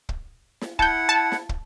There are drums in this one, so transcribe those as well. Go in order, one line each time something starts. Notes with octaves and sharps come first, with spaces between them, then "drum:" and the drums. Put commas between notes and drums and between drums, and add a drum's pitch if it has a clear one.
drum: kick
drum: snare
E4 F#5 A5 G6, drum: kick
A5
drum: snare
drum: kick